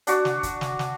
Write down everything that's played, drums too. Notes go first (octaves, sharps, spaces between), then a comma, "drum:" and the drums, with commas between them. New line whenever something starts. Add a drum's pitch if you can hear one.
D4 F#4, drum: hi-hat
drum: snare
drum: kick, hi-hat
drum: snare
drum: snare